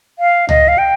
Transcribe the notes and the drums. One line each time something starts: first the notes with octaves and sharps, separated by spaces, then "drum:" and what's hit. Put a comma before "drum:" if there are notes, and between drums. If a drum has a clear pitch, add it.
F5
D#5, drum: tom C#2
F5
G5